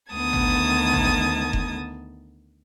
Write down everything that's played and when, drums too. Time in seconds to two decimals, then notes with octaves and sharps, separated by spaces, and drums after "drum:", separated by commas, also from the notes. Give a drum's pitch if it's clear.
0.13 D2 D#3 B3 A5 D#6 G#6
0.33 drum: tom G#1
0.93 drum: tom G#1
1.53 drum: kick F1